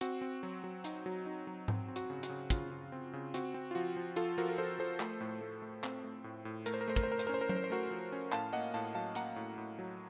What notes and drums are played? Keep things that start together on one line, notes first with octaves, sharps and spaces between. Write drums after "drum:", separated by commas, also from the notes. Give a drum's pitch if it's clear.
C4 F#4, drum: hi-hat
C4
F#3
F#3
D#4, drum: hi-hat
F#3
D#4
F#3
C4, drum: tom G#2
C4
F#4, drum: hi-hat
C#3
F#4, drum: hi-hat
C#3
C#3 F4, drum: kick, hi-hat
C#3
C4
C#3
C4 F#4, drum: hi-hat
C4
F4
F3 F#4
F3
F3 F4 A4, drum: hi-hat
F3 F#4 A#4
A#4
F3 A4 C5
F3 A4 C5
A3, drum: clap
A2
A3
A3
C4, drum: clap
A3
A2
A2
A3 A#4, drum: hi-hat
C5
A#4
A3 C5
A#4, drum: kick
C5
A3 A#4
C5, drum: hi-hat
C#4 A#4
C5
A#4
C#4 C5, drum: tom F#3
A#4
C5
A3 F#4 A#4
F3
C#4
A2 F5 A5, drum: clap
A#3 D#5 F#5
A2 F5 A5
F#3 F5 A5
A#3 F#5 A#5, drum: hi-hat
A2
A2
F#3